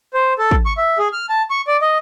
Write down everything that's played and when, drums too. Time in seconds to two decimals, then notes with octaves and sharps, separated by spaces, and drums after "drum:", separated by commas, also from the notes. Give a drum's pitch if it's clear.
0.14 C5
0.39 A4
0.51 drum: kick
0.66 C#6
0.78 E5
0.98 G#4
1.13 F6
1.29 A5
1.50 C#6
1.67 D5
1.82 D#5